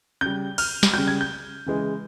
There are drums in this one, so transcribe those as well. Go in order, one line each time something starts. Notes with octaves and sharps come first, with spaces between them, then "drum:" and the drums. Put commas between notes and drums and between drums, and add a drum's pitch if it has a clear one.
C#3 G3 G6
F6, drum: cymbal
drum: snare
C#3 G3 G6
G#6
G6
C#3 E3 G#3